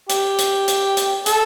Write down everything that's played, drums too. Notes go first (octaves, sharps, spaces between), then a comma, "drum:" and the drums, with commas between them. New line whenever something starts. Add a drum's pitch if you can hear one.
G4, drum: hi-hat
drum: hi-hat
drum: hi-hat
drum: hi-hat
A4, drum: hi-hat